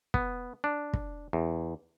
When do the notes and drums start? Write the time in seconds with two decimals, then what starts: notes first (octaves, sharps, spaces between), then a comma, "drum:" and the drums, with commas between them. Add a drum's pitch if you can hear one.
0.14 B3, drum: kick
0.64 D4
0.94 drum: kick
1.33 E2